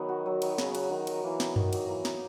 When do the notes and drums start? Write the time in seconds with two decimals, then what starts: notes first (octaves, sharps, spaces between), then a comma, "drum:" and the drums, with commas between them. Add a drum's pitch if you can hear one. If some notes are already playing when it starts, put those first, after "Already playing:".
Already playing: D#3 F#3 B3
0.09 F#4
0.26 F#3
0.42 F#3, drum: cymbal
0.58 C#3 B3, drum: snare
0.75 F#4, drum: cymbal
0.90 D#3 F#4
1.07 F#3, drum: cymbal
1.24 E3 A#3
1.40 D#4, drum: snare
1.56 D#3 F#4, drum: tom F#2
1.73 F#3, drum: cymbal
1.88 E3 A#3
2.05 D#4, drum: snare